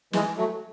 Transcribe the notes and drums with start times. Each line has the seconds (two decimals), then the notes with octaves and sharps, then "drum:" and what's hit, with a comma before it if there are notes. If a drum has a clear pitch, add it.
0.13 E3 G#3, drum: snare
0.37 F#3 A3